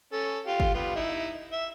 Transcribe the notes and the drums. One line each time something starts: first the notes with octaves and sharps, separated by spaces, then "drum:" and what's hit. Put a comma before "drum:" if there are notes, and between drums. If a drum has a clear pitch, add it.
C#4 A4
F4 G4 F5
drum: kick G1
G3 B3 F4
D#4 E4
E5